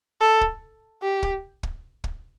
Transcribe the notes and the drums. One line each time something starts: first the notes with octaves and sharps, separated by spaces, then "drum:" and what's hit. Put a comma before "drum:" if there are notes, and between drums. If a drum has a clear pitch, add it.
A4
drum: kick
G4
drum: kick
drum: kick
drum: kick